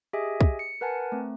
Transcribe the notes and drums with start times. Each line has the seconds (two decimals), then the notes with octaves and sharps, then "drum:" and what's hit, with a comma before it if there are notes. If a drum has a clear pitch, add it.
0.13 G4 G#4 D#5 E5 G#5
0.41 drum: kick
0.59 C#7
0.81 A#4 B4 F#5 G#5 A5
1.12 A3 C4